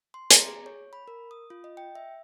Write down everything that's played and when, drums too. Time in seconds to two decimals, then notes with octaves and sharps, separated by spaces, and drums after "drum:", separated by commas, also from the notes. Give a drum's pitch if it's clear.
0.14 C6
0.30 A#5, drum: hi-hat
0.45 G#4
0.66 C#5
0.93 B5
1.08 A#4
1.31 D#6
1.50 F4
1.64 D#5
1.77 G5
1.95 E5